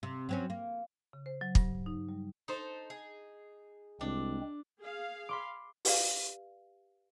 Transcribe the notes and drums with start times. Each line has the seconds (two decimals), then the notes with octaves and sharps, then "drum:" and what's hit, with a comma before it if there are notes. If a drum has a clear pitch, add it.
0.03 C3
0.29 F#3 C4 C#4
0.50 A#3
1.13 C#3
1.26 C5
1.41 F#3
1.55 G2, drum: kick
1.86 D#4
2.08 G3
2.48 D#4 A4 C5
2.90 G#4
4.01 C2 G#3 C4 D4
4.81 G#4 F5
5.29 B5 C6 D6
5.85 G4 B4 D5 F5, drum: open hi-hat